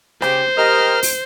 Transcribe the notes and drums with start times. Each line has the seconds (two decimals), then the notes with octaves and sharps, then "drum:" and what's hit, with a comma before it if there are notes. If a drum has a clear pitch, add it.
0.22 C#3 G4 C5, drum: rim click
0.58 G4 A#4 D#5 F6
1.03 drum: open hi-hat